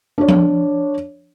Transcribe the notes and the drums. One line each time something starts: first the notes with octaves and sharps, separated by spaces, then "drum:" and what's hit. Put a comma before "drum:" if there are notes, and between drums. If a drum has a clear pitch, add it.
D4 C#5
drum: tom F3